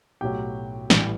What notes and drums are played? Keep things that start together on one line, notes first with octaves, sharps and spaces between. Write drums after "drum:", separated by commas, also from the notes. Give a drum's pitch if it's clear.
B1 A2 F#3 G4 G5
A1 A2 E3 G3, drum: snare